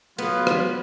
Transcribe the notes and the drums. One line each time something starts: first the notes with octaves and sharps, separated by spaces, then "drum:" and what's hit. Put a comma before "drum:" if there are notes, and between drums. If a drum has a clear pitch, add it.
F#3 B3 F4 B4, drum: cymbal
drum: rim click